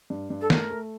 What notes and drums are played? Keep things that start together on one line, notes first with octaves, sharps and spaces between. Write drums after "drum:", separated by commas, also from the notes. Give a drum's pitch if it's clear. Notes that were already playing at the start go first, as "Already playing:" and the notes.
G2
G2
A4
A3 A#4, drum: snare
A3